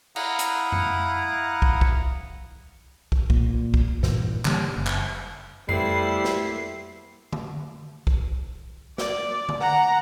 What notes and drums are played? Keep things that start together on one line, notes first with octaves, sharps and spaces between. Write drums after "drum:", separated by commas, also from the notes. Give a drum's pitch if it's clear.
E4 F5 F#5 A#5 D#6, drum: cymbal
drum: hi-hat
drum: tom F2
drum: kick
drum: kick
drum: kick
A#2, drum: kick
drum: kick
G2 A#2 E3, drum: snare
D3 E3 G3 A#3, drum: clap
F#1
drum: clap
G3 A3 B3 C4 E4 C7, drum: tom F2
drum: snare
drum: tom D3
drum: kick
D5, drum: snare
drum: tom D3
F#5 A#5